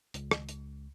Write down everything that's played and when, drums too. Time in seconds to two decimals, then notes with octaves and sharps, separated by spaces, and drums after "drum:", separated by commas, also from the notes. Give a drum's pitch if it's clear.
0.14 C#2, drum: hi-hat
0.31 drum: rim click
0.49 drum: hi-hat